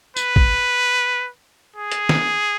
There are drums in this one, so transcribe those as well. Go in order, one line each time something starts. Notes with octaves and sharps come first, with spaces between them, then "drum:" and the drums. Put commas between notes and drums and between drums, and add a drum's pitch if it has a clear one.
B4, drum: tambourine
drum: kick
G#4
drum: hi-hat
drum: snare